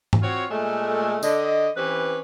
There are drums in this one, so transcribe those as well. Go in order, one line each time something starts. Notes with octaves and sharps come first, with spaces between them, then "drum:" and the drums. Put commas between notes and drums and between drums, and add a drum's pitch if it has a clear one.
drum: tom G#2
C4 F4 F#4 C#5
A#2 G#3 A3
D3 D#5, drum: tambourine
E3 C4 C#4 G4 B4